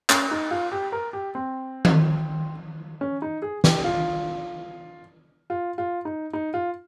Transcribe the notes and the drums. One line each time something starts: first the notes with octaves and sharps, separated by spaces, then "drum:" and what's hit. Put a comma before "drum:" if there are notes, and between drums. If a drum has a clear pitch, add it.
C#4, drum: clap
D#4
F4
G4
A#4
G4
C4
drum: tom D#3
C#4
D#4
G#4
G4, drum: snare
F4
F4
F4
D#4
D#4
F4